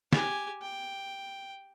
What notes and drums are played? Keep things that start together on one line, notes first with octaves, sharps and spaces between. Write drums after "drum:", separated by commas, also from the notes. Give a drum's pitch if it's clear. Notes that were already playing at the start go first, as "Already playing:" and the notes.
G4 G#5, drum: snare
G5